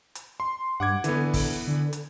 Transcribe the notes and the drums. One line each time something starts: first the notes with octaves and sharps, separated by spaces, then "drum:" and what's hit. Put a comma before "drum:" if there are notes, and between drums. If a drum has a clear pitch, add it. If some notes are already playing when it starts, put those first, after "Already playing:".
drum: hi-hat
C6
G2 F#5 D6 G#6
D3 E3 B3, drum: hi-hat
drum: kick, open hi-hat
D3
drum: hi-hat